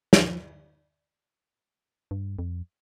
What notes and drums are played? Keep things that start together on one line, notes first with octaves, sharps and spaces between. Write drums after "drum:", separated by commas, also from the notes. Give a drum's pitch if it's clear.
F3, drum: snare
G2
F2